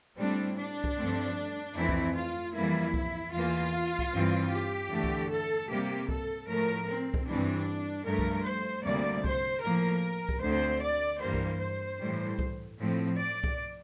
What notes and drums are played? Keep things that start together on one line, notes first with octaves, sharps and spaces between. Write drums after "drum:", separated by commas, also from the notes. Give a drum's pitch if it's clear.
A2 G3 C4 D4
D4
drum: kick C2
G2 F3 A3 C4
F2 E3 A3 C4 E4
drum: kick C2
F4
F2 E3 G3 A#3 E4
drum: kick C2
E2 E3 A#3 F4
drum: kick C2
G2 E3 G3 C4
G4
E2 D3 A3
drum: kick C2
A4
C3 G3 A#3 G4
A4, drum: kick C2
A2 F3 A3 A#4
C4
drum: kick C2
G2 E3 G3 C4 D4
G2 F3 A3 A#4
drum: kick C2
C5
D2 C3 G3 A#3 D5
C5, drum: kick C2
A2 F3 A#3 A#4
drum: kick C2
D2 D3 A3 C4 C5
D5
G2 E3 G3 A#3 C5
drum: kick C2
C5
A2 E3 G3
drum: kick C2
A2 F3 C4
D5
drum: kick C2